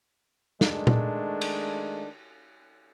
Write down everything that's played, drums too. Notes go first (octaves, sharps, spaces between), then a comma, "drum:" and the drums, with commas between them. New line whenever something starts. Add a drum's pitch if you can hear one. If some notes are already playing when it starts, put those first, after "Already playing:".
D#3 G#3 A3 D4, drum: snare
drum: tom A#2
drum: cymbal